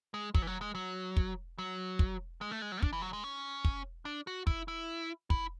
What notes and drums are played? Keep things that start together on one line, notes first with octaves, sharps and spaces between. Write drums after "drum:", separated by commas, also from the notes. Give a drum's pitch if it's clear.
G#3
F#3, drum: kick
E3
F#3
G#3
F#3
drum: kick
F#3
drum: kick
G#3
A3
G#3
F#3
D4, drum: kick
E3
F#3
G#3
C#4
drum: kick
D4
F#4
E4, drum: kick
E4
E4, drum: kick